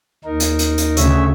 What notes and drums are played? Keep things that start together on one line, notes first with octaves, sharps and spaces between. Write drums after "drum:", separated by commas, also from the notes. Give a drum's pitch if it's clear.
D#2 D#4 A#4
drum: hi-hat
drum: hi-hat
drum: hi-hat
D2 C#3 C#4 C#5 E5, drum: hi-hat